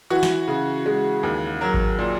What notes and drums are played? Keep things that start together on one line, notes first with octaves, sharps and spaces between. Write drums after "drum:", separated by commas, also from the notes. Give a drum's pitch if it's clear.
E3 F#4
drum: snare
C#3
G#3
D#2
F#3 A#4
drum: kick G#1
A#2